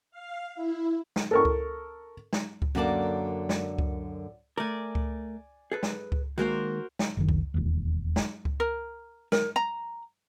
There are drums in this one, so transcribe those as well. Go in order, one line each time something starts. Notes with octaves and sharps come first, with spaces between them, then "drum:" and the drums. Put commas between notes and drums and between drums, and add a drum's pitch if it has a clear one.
F5
E4
drum: snare
A4 A#4 C#6
drum: kick C#2
drum: snare
drum: kick C#2
F#2 D3 A#3 C4 D5 A5
drum: snare
drum: kick C#2
A3 A#4 D5 G#5
drum: kick C#2
G#4 A4 B4
drum: snare
drum: kick C#2
D#3 G#3 A#3 F#4 A#4 C5
drum: snare
F#1 D#3
drum: kick C#2
E1 D#2
drum: snare
drum: kick C#2
A#4
A#4, drum: snare
A#5